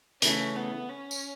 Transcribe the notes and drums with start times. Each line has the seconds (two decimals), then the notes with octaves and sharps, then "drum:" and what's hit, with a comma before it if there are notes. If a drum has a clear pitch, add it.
0.22 C#3 E3 A3 C#4, drum: hi-hat
0.56 B3
0.89 C#4
1.11 drum: tambourine